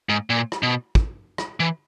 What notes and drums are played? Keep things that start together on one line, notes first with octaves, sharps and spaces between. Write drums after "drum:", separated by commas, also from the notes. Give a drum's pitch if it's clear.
G#2
A#2
drum: rim click
B2
drum: kick
drum: rim click
E3